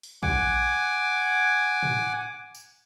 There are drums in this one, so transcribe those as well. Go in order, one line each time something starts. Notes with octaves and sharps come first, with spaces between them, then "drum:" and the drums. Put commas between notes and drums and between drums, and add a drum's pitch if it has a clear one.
drum: open hi-hat
F#5 G#5 D6, drum: kick A#1
drum: tom
drum: tambourine